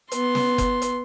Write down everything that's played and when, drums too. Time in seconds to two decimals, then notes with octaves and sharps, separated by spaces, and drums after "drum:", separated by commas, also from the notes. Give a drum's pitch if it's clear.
0.12 B3 C6, drum: hi-hat
0.35 drum: snare
0.58 drum: kick F#1, hi-hat
0.82 drum: hi-hat